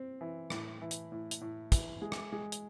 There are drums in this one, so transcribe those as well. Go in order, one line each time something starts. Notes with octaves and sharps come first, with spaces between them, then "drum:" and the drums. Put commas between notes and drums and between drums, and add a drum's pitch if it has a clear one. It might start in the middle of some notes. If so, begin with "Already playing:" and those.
Already playing: C4
E3
A2, drum: rim click
E3
drum: hi-hat
A2
drum: hi-hat
A2
E3, drum: kick, hi-hat
G#3
drum: rim click
G#3
drum: hi-hat